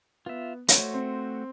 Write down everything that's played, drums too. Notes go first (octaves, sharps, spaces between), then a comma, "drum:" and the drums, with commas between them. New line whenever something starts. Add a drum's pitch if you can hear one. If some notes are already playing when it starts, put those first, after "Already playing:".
B3 F4 E5
A3 F#4 C5 C#5, drum: hi-hat
C4